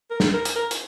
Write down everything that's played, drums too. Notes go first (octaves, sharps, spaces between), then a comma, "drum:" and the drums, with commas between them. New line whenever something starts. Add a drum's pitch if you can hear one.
A#4
drum: snare
A#4
drum: hi-hat
A#4
drum: hi-hat